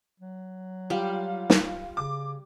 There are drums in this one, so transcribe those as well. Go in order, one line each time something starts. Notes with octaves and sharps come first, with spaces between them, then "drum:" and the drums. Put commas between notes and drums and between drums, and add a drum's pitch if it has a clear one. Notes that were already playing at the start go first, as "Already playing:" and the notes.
F#3
G3 F4
drum: snare
C#3 D6